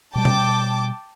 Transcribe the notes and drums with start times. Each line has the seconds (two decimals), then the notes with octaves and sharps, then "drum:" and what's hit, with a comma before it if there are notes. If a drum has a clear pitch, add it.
0.15 B2 G3 G5 A5 D6
0.25 drum: tom B2